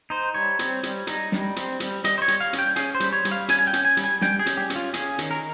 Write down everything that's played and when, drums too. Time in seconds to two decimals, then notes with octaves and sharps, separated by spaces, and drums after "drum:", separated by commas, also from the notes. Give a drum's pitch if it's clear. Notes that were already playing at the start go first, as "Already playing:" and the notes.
0.10 D#4 C5
0.34 G3 C#5
0.59 C4, drum: hi-hat
0.83 G3, drum: hi-hat
1.07 D#4, drum: hi-hat
1.32 G3, drum: snare
1.56 C4, drum: hi-hat
1.80 G3, drum: hi-hat
2.04 G3 D#5, drum: hi-hat
2.18 C5
2.22 C#5
2.28 G3, drum: hi-hat
2.41 F5
2.53 C#4, drum: hi-hat
2.59 G5
2.76 C#4 G#4, drum: hi-hat
2.95 C5
3.00 G3, drum: hi-hat
3.13 C#5
3.25 G3, drum: hi-hat
3.32 F5
3.49 C#4 G#5, drum: hi-hat
3.59 G#5
3.67 G5
3.73 C#4, drum: hi-hat
3.85 G#5
3.97 G3, drum: hi-hat
4.04 G#5
4.21 G3 G5, drum: snare
4.39 G#4
4.46 C#4, drum: hi-hat
4.57 G4
4.70 C#4, drum: hi-hat
4.76 F4
4.94 C#4 G#4, drum: hi-hat
5.18 D#3, drum: hi-hat
5.31 A#4